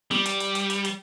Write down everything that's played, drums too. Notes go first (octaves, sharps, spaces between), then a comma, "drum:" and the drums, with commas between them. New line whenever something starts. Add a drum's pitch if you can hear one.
G3, drum: snare
drum: hi-hat
drum: hi-hat
drum: hi-hat
drum: hi-hat
drum: hi-hat